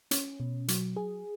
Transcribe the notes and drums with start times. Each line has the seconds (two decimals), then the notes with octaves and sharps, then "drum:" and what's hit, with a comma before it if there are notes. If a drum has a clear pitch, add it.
0.11 C#4, drum: hi-hat
0.40 B2
0.68 F#3, drum: hi-hat
0.96 G#4